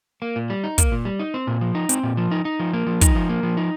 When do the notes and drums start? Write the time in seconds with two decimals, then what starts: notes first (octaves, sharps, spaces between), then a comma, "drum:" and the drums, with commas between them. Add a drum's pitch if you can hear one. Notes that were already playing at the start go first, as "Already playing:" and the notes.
0.22 A#3
0.36 A#2
0.50 G3
0.64 D#4
0.78 A#3, drum: kick, hi-hat
0.92 A#2
1.05 G3
1.20 D#4
1.34 C4
1.47 A#2
1.61 F3
1.75 D#4
1.89 C4, drum: hi-hat
2.03 A#2
2.17 F3
2.31 D#4
2.45 D#4
2.60 F3
2.73 A#3
2.87 F3
3.01 D#4, drum: kick, hi-hat
3.15 F3
3.29 A#3
3.43 F3
3.57 D#4